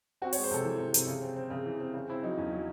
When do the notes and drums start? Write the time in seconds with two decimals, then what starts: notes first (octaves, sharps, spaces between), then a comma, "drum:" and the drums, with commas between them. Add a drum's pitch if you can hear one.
0.22 C4 F#4
0.33 C#5, drum: open hi-hat
0.37 G#3
0.44 C5
0.51 C3 A4
0.64 E3
0.79 C3
0.94 C3, drum: hi-hat
1.07 C#3
1.22 C4
1.36 C4
1.50 C#3
1.66 E3
1.80 C4
1.94 C#3
2.09 C4 E4
2.23 F#3 D#4
2.37 E2 C#4
2.52 F#3